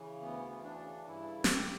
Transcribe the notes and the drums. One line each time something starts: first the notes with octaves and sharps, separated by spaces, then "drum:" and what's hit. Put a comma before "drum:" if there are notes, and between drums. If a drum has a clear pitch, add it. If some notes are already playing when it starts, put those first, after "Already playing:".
Already playing: C#3 E3
D2 B3
E3
D4
C#3
G2 E4
D3
F#4, drum: snare
G4